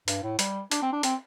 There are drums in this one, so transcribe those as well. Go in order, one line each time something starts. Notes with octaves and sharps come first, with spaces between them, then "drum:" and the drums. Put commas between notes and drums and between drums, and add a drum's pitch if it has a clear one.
G2, drum: hi-hat
A2
G3, drum: hi-hat
D4, drum: hi-hat
C4
D4
C4, drum: hi-hat